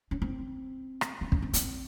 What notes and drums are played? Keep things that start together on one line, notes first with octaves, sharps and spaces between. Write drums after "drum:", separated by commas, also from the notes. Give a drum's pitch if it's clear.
C#4
C4
drum: rim click
C4
C#4, drum: kick
C4
C4, drum: hi-hat